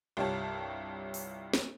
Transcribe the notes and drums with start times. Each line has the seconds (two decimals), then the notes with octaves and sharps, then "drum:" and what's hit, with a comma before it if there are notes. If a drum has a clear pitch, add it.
0.17 C2 G2 F4 G4 C#5 A5
1.14 drum: open hi-hat
1.54 drum: snare